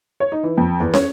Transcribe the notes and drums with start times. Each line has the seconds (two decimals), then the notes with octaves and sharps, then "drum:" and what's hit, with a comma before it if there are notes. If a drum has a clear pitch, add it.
0.20 C#5
0.32 D#4
0.43 E3
0.57 F2
0.80 E2
0.94 C#5, drum: snare